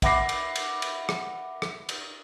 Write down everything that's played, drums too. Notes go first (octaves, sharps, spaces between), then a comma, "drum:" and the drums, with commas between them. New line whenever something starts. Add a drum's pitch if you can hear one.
E5 F#5 B5 D6 A#6 C7, drum: kick, cymbal
drum: cymbal
drum: cymbal
drum: cymbal
drum: rim click
drum: rim click
drum: cymbal